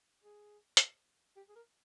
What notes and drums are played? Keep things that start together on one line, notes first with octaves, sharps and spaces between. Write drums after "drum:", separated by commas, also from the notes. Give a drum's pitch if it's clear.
G#4
drum: hi-hat
G4
G#4
A#4